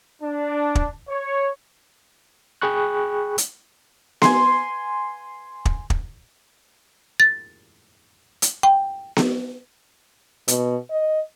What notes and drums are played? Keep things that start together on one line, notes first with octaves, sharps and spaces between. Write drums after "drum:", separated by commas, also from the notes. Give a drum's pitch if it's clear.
D4
drum: kick
C#5
G#4 G5 B5 C#6 F#6
drum: hi-hat
G#5 C6, drum: snare B3
drum: kick
drum: kick
A6
drum: hi-hat
G5
drum: snare B3
B2, drum: hi-hat
D#5